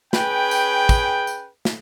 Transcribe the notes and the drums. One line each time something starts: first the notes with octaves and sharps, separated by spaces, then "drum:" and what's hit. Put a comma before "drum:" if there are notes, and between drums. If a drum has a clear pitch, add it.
C#4 G#4 B4 G5, drum: snare
drum: tambourine
drum: kick, tambourine
drum: tambourine
drum: snare